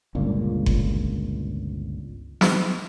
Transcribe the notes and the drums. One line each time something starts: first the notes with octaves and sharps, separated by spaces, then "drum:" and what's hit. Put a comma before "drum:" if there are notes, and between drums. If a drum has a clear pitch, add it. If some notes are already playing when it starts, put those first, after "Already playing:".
G1 C#2 A#2
drum: kick F#1
drum: snare